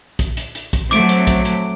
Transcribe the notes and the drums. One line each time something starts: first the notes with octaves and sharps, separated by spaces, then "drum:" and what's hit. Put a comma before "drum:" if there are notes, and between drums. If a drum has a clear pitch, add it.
drum: kick A#1, hi-hat
drum: hi-hat
drum: hi-hat
drum: kick A#1, hi-hat
F#3 A3 C4 D6 D7, drum: hi-hat
drum: hi-hat
drum: kick A#1, hi-hat
drum: hi-hat